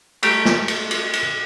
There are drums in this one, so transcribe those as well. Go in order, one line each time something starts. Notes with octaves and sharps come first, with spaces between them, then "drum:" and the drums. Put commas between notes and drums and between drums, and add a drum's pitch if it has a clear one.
G3 A3 G4 A#5, drum: cymbal
drum: snare
drum: cymbal
drum: cymbal
drum: cymbal